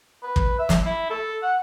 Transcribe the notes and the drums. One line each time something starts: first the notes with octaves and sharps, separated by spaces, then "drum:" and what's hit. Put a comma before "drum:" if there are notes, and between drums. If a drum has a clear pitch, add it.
B4
drum: kick
E5
drum: snare
E4
A4
F#5